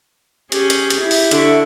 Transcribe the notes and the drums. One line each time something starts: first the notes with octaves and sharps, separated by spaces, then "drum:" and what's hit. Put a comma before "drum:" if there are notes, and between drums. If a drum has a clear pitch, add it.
C#4 G4 G#4, drum: hi-hat
drum: hi-hat
drum: hi-hat
E4
drum: open hi-hat
D3 E5 C#6, drum: hi-hat